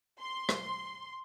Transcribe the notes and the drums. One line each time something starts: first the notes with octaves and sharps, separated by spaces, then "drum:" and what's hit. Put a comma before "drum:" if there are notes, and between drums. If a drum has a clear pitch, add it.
C6
drum: rim click